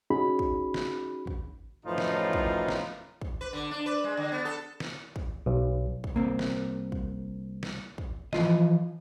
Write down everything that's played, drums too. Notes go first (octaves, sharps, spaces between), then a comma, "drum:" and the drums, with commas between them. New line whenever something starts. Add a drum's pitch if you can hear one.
C#4 D#4 F#4 G#4 B5
drum: kick
drum: snare
drum: kick
F#2 A2 E3 F3 D#4 F4
drum: snare
drum: kick
drum: snare
drum: kick
B4
D3
D4
B4
G#3
D3
B3
A4
drum: snare
drum: kick
B1
drum: kick
C2 A#3 C4
drum: snare
drum: kick
drum: snare
drum: kick
E3 F3 F4 D#5, drum: snare